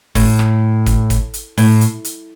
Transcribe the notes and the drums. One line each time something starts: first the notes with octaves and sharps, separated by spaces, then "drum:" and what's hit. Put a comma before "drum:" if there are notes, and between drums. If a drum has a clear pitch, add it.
A2, drum: kick, open hi-hat
drum: rim click
drum: kick, hi-hat
drum: kick, hi-hat
drum: hi-hat
A2, drum: open hi-hat
drum: hi-hat
drum: hi-hat